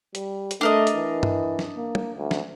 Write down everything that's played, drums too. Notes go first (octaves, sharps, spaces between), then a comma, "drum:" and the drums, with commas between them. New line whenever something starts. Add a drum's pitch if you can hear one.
G3, drum: hi-hat
drum: hi-hat
A3 D4 A#4 D#5
drum: hi-hat
E3
drum: tom G2
drum: snare
A#3
drum: tom
D2
drum: snare